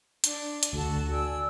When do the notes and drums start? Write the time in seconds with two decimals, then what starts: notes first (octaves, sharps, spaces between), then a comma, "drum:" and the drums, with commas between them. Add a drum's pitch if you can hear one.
0.24 D4, drum: hi-hat
0.63 drum: hi-hat
0.73 D2 F#4 A4 A5
1.10 D5 G#5 E6